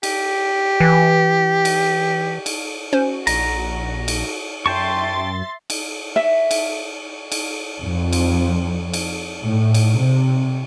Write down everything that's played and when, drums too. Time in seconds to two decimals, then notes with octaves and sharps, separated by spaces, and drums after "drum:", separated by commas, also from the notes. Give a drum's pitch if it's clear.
0.03 G4, drum: cymbal
0.80 E3
1.65 drum: cymbal
2.46 drum: cymbal
2.93 C#4 F#4 C5
3.27 A#1 A#5, drum: cymbal
4.08 drum: cymbal
4.66 F#2 E5 G5 A5 C6 C#6 A6
5.70 drum: cymbal
6.16 E5
6.51 drum: cymbal
7.32 drum: cymbal
7.83 F2
8.13 drum: cymbal
8.93 drum: cymbal
9.42 A2
9.74 drum: cymbal
9.98 C3